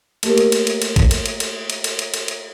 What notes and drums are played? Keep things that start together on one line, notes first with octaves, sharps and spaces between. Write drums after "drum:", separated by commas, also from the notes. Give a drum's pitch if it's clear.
A3 A#3 G4 A#4, drum: cymbal
drum: cymbal
drum: cymbal
drum: cymbal
drum: cymbal
drum: kick, cymbal
drum: cymbal
drum: cymbal
drum: cymbal
drum: cymbal
drum: cymbal
drum: cymbal
drum: cymbal
drum: cymbal